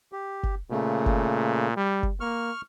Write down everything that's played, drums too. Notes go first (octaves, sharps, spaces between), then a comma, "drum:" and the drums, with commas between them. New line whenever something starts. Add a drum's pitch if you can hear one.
G4
drum: kick F#1
A#2 C#3 A3
drum: kick F#1
G3
drum: kick F#1
A#3 C#6 F6